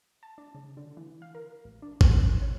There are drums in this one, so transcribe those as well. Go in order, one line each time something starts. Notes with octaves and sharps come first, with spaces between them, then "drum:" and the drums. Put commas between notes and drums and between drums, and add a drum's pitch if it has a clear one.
A5
D4
C#3
D3
E3
F5
A#4
A1
D4
C6, drum: kick G#1
F#6
C#5